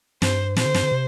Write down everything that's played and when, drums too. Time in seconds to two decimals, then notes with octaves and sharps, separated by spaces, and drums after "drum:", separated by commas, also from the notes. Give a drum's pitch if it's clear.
0.22 G2 C5, drum: snare
0.56 A#2 C5, drum: snare
0.66 D3
0.74 G2, drum: snare
0.83 D3
0.92 C3